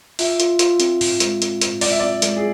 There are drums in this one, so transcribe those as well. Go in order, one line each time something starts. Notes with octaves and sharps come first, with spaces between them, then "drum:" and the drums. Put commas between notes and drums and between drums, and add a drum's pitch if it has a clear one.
F4 E5, drum: open hi-hat
F4, drum: hi-hat
F4, drum: hi-hat
C4, drum: hi-hat
A2, drum: open hi-hat
G#3, drum: hi-hat
C4, drum: hi-hat
A2, drum: hi-hat
G#3 D5, drum: open hi-hat
E5
D5
C4
G#3, drum: hi-hat
G#4